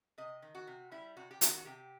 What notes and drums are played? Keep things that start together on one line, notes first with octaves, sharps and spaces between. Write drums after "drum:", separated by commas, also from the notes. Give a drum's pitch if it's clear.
C3 D#5
D#3
F#4
C3
G3 E4
C3 F#4
G4
D#3 F#4, drum: hi-hat
F#4
C3 G4